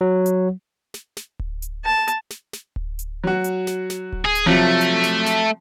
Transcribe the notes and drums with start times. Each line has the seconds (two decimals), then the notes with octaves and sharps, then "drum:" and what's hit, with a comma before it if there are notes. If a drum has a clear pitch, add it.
0.01 F#3
0.26 drum: hi-hat
0.94 drum: snare
1.17 drum: snare
1.39 drum: kick D1
1.62 drum: hi-hat
1.85 A5
2.08 drum: hi-hat
2.30 drum: snare
2.53 drum: snare
2.76 drum: kick D1
2.99 drum: hi-hat
3.24 F#3 F#4
3.44 drum: hi-hat
3.67 drum: snare
3.90 drum: snare
4.12 drum: kick D1
4.25 G#4
4.35 drum: hi-hat
4.46 C3 F3 F#3 A3
4.81 drum: hi-hat
5.03 drum: snare
5.26 drum: snare